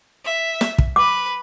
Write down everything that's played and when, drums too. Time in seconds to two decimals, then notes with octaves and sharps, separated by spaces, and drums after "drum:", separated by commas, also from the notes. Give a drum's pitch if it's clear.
0.23 E5
0.61 drum: snare
0.78 drum: kick
0.96 B4 D6